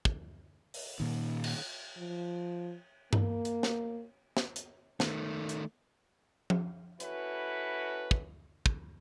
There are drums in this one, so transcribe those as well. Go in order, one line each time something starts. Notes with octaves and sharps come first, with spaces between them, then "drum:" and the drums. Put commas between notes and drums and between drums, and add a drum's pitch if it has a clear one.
drum: kick
drum: open hi-hat
A#2 D#3
drum: cymbal
F3
A#3, drum: tom G2
drum: hi-hat
drum: snare
drum: snare
drum: hi-hat
D#3 A3, drum: snare
drum: hi-hat
drum: tom F3
C#4 E4 F#4 A4 B4, drum: hi-hat
drum: kick
drum: kick